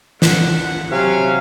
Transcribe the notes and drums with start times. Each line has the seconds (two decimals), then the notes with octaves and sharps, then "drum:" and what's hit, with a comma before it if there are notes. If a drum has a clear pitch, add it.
0.22 F#5, drum: snare
0.91 C3 F#3 C#4 F5